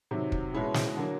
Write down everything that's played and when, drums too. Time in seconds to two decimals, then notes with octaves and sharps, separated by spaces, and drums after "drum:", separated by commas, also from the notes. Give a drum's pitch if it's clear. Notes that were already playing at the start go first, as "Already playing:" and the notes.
0.11 C3 D#3 F#3
0.32 drum: kick
0.53 B2 G#3 C#4 E4 G#4
0.74 drum: snare
0.97 D3 F#3 A#3